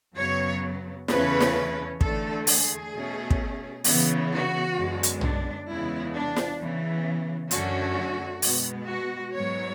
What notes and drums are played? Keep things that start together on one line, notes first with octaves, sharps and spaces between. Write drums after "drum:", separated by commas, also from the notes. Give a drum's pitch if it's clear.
F#2 C#3 F#3 B3 C#5
E2 C#3 E3 A3 C#4 B4, drum: snare
drum: snare
E2 D3 A3 A4, drum: kick
G#4, drum: open hi-hat
B2 A3 C#4
drum: kick
C#3 E3 B3, drum: open hi-hat
F#4
F#2 D3 G#3 B3
drum: hi-hat
D4, drum: tom B1
E2 C#3 G#3 B3 E4
D4
drum: snare
C#3 E3 B3
F#2 D3 A3 C#4 F#4, drum: hi-hat
B2 G#3 B3, drum: open hi-hat
F#4
G#2 F#3 B3 C#5